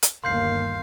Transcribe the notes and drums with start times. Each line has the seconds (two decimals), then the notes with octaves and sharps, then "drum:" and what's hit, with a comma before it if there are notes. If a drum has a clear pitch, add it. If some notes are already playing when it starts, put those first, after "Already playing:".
0.03 drum: hi-hat
0.24 G1 D#2 A#3 F5 C6 G6 C7